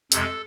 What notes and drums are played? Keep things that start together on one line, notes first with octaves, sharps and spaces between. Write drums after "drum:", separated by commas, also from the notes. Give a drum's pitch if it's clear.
F2 C3 G#3 A4, drum: hi-hat